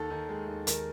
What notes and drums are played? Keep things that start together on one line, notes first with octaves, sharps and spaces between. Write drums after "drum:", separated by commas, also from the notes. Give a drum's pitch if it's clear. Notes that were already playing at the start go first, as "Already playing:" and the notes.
Already playing: D#2 A4
D#3
G#3
D#2
D#2 A#4, drum: hi-hat